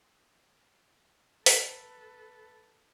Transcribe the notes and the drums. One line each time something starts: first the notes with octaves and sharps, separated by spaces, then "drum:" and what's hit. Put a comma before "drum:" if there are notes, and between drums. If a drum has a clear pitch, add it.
A4 B4, drum: open hi-hat